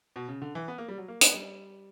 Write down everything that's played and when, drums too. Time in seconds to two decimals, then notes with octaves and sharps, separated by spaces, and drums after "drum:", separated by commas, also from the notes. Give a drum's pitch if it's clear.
0.16 B2
0.28 C#3
0.42 D3
0.55 E3
0.68 B3
0.78 A#3
0.88 G3
0.98 F#3
1.08 A#3
1.21 B3, drum: hi-hat
1.34 G3